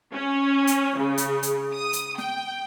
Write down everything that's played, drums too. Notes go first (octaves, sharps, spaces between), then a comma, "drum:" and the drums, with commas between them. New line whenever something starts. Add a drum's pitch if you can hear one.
C#4
drum: hi-hat
C#3
drum: hi-hat
drum: hi-hat
D#6
drum: hi-hat
G5, drum: snare